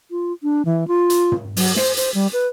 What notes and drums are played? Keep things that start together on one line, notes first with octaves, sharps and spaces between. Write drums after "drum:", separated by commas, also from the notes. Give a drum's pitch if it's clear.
F4
D4
E3
F4
drum: hi-hat
drum: tom
F#3, drum: open hi-hat
C5, drum: snare
C5, drum: hi-hat
G3
B4